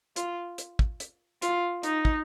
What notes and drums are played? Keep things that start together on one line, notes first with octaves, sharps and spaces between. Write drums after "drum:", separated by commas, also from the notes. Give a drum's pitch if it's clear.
F4, drum: hi-hat
drum: hi-hat
drum: kick
drum: hi-hat
F4, drum: hi-hat
D#4, drum: hi-hat
drum: kick